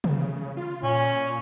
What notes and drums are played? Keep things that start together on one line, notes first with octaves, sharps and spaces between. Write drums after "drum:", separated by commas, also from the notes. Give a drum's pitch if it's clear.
C#3, drum: tom
F4
A#2 C#4